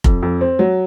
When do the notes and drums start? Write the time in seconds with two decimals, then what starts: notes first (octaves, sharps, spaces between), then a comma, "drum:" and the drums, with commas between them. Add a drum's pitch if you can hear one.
0.04 F2, drum: kick F1
0.23 F2
0.41 C4
0.59 F#3